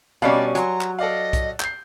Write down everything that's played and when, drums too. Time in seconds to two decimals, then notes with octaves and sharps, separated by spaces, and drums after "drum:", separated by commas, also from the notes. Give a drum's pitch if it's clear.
0.22 B2 G3 C#4 D5 F5 A5
0.55 F#3 G#5 A#5 C6, drum: hi-hat
0.81 drum: clap
0.99 A4 D5 D#5 F5
1.33 drum: kick B1, hi-hat
1.60 G6 C7, drum: clap